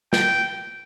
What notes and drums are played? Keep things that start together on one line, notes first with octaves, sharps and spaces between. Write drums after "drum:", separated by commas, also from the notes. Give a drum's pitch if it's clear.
G5, drum: snare